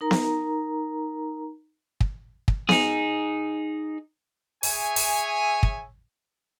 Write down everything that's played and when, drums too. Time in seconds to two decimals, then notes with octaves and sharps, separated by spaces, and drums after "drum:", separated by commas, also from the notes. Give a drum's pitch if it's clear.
0.01 D#4 A#4 A#5
0.11 drum: snare B3
2.01 drum: kick
2.48 drum: kick
2.69 D#4 G#4, drum: snare B3
4.63 G#4 C#5 E5 G#5, drum: open hi-hat
4.96 drum: open hi-hat
5.63 drum: kick